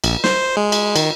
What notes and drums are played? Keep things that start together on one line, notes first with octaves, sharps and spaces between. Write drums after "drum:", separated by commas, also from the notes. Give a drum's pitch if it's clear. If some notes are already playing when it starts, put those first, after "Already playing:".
A#1, drum: cymbal
C5, drum: snare
G#3
drum: cymbal
D#3, drum: cymbal